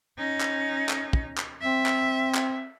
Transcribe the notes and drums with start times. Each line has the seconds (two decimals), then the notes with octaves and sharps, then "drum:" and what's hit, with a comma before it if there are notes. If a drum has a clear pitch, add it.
0.18 C#4 D#4
0.41 drum: clap
0.89 drum: clap
1.13 drum: kick
1.38 drum: clap
1.62 C4 E5
1.86 drum: clap
2.34 drum: clap